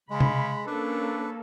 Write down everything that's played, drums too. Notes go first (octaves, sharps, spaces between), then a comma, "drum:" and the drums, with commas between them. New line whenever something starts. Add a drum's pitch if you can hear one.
C#3 G#3 B5
drum: tom C3
A#3 C#4 D4 A4 B4